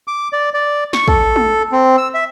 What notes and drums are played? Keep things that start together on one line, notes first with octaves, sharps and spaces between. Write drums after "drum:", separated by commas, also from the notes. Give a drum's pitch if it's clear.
D6
D5
D5
C#6, drum: snare
A4, drum: kick
drum: tom
C4
E6
E5